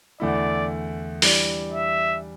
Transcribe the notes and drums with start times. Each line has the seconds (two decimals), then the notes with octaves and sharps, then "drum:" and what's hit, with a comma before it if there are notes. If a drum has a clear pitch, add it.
0.20 E2 D3 A3 E4 D5
1.22 E3 G3 D4, drum: open hi-hat
1.72 E5